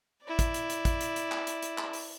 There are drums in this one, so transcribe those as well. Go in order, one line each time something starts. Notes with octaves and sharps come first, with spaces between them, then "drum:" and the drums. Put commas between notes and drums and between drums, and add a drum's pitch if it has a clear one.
E4 D5
drum: kick, hi-hat
drum: hi-hat
drum: hi-hat
drum: kick, hi-hat
drum: hi-hat
drum: hi-hat
drum: clap
drum: hi-hat
drum: hi-hat
drum: clap
drum: open hi-hat